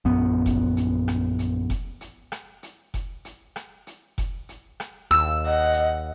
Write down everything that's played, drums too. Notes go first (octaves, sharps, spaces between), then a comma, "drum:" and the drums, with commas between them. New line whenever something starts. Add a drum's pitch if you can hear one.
A#1 F#2 B3
drum: kick F1, hi-hat
drum: hi-hat
drum: rim click
drum: hi-hat
drum: kick F1, hi-hat
drum: hi-hat
drum: rim click
drum: hi-hat
drum: kick F1, hi-hat
drum: hi-hat
drum: rim click
drum: hi-hat
drum: kick F1, hi-hat
drum: hi-hat
drum: rim click
D#2 E6
D#5 F#5
drum: hi-hat